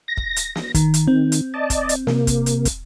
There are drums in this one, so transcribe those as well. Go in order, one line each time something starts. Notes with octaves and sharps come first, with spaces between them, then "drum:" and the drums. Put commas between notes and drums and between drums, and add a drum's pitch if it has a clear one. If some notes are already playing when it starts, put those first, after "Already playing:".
A#6
drum: kick
drum: hi-hat
drum: snare
D#3, drum: kick, hi-hat
drum: hi-hat
D#3 C4
drum: hi-hat
D5 D#5 A5
drum: kick, hi-hat
drum: hi-hat
C3 A#3, drum: snare
drum: kick, hi-hat
drum: hi-hat
drum: kick, hi-hat